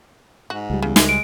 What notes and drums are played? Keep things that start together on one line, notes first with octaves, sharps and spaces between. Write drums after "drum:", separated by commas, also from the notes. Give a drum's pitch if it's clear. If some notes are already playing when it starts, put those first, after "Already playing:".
G#2 F#4
C#2 G3
E2 C#3
E3 G#3 G#4, drum: snare
D7